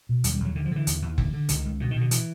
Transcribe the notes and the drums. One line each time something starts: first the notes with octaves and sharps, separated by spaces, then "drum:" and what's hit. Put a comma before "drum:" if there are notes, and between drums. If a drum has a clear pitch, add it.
B2
D#2 G3, drum: hi-hat
G3
D#2
F#3
D3 D#3
F3
D3 E3
D#2, drum: hi-hat
D#2
D3, drum: kick F#1
D3
C#2 D#3, drum: hi-hat
C#2
B2 D3
D#3
B2 D3
E3, drum: hi-hat